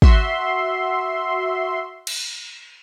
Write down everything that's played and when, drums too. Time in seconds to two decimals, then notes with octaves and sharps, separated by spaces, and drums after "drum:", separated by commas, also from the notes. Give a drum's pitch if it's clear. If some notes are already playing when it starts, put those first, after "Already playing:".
0.02 F#4 E5 C6, drum: kick
2.07 drum: cymbal